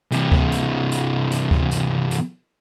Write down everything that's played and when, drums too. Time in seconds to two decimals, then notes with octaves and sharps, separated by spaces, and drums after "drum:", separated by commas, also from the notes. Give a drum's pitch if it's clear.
0.12 C3 E3, drum: hi-hat
0.32 drum: kick D2
0.52 drum: hi-hat
0.91 drum: hi-hat
1.31 drum: hi-hat
1.51 drum: kick D2
1.71 drum: hi-hat
2.11 drum: hi-hat